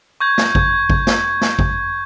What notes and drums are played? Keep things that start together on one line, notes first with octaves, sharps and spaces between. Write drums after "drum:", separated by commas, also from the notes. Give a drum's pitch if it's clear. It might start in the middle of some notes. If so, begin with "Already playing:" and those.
C#6 G6 G#6
drum: snare
drum: kick G#1
drum: kick G#1
drum: snare
drum: snare
drum: kick G#1